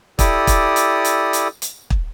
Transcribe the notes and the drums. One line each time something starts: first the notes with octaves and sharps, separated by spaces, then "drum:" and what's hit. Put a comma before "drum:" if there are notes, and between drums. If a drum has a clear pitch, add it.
E4 G4 A4 D5 D#6, drum: kick, hi-hat
drum: kick, hi-hat
drum: hi-hat
drum: hi-hat
drum: hi-hat
drum: hi-hat
drum: kick